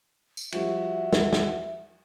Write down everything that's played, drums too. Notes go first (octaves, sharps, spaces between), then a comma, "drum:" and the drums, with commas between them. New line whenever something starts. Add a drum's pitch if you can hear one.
drum: tambourine
F3 G3 F#4 E5, drum: cymbal
drum: snare
drum: snare